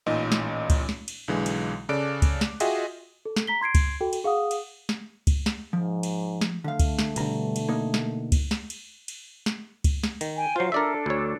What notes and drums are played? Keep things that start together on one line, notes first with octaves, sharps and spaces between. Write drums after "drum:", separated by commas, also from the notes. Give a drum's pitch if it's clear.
A1 A#2 D#4 D#5
drum: snare
drum: kick C#2, cymbal
drum: snare
drum: cymbal
B1 D3 E3 G#3
drum: cymbal
C#3 A4 D5 D6 F#6 D7
drum: kick C#2, cymbal
drum: snare
F4 F#4 G#4 D#5 E5 G5, drum: cymbal
A4
drum: snare
A#5 B6 G7
C6 G#6 C7 D7
drum: kick C#2, cymbal
F#4 A4 G5
drum: cymbal
G#4 F5 F#5 D#6
drum: cymbal
drum: snare
drum: kick C#2, cymbal
drum: snare
G#2 F3
drum: cymbal
drum: snare
D3 A3 F5
drum: kick C#2, cymbal
drum: snare
G2 B2 D3 A#5, drum: cymbal
drum: cymbal
A#3 D#4
drum: snare
drum: kick C#2, cymbal
drum: snare
drum: cymbal
drum: cymbal
drum: snare
drum: kick C#2, cymbal
drum: snare
D#3, drum: cymbal
G5 G#5
F#3 F4 C5 F5
D4 A4 A#4 D5 E5
D2 C#5